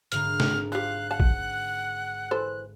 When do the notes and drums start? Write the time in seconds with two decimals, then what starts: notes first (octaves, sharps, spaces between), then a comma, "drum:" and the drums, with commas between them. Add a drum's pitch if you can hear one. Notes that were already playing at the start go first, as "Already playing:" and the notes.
0.12 G#1 D3 A#5 F6, drum: hi-hat
0.40 drum: snare
0.72 F3 G4 F5 F#6
1.11 F5 F#5 A5
1.20 drum: kick
2.31 E3 A4 C5